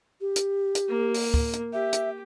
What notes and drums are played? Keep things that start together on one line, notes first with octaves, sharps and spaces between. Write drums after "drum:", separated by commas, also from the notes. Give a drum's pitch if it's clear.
G4
drum: hi-hat
drum: hi-hat
A#3
drum: open hi-hat
drum: kick D2
drum: hi-hat
G4 E5
drum: hi-hat